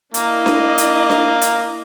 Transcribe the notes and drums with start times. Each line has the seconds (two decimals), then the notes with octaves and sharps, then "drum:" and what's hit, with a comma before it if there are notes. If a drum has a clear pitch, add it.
0.14 A#3 D4 E4 D#5, drum: hi-hat
0.46 drum: snare D4
0.78 drum: hi-hat
1.10 drum: snare D4
1.41 drum: hi-hat